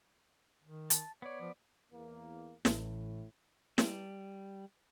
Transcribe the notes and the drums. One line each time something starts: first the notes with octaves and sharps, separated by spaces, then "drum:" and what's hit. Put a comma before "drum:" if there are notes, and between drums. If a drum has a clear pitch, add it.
D#3
A5, drum: hi-hat
B3 C#5 D5
F3
E2 A#3
A1 A2, drum: snare
G3, drum: snare